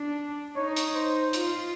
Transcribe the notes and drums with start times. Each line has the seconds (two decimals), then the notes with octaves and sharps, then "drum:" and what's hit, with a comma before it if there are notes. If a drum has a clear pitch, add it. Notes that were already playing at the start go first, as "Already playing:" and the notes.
Already playing: D4
0.56 D#4 C#5
0.76 drum: hi-hat
0.95 C5
1.33 F4, drum: hi-hat